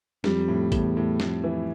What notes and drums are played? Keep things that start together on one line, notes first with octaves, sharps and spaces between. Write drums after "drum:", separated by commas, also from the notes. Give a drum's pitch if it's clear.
F2 G3, drum: snare
A2
E2 A2, drum: kick G#1, hi-hat
A2
F2 A2, drum: snare
E3